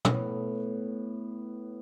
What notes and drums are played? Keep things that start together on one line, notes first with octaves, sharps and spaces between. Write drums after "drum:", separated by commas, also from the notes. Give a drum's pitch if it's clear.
A2 B3, drum: tom